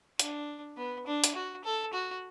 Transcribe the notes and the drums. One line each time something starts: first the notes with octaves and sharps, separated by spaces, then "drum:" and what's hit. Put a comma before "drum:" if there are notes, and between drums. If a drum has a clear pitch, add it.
D4, drum: hi-hat
B3
D4
drum: hi-hat
F#4
A4
F#4